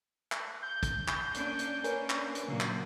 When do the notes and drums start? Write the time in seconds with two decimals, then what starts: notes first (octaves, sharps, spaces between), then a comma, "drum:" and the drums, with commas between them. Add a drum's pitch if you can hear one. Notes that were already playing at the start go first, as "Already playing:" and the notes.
0.32 drum: clap
0.62 G6
0.83 drum: kick, hi-hat
1.08 drum: clap
1.34 A#3 C#4 D4, drum: hi-hat
1.59 drum: hi-hat
1.84 A#3 C#4 D4 A#4 B4 C#5 G#5, drum: hi-hat
2.10 drum: clap
2.35 drum: hi-hat
2.48 A#2 C#3 F#3 A#3
2.60 drum: clap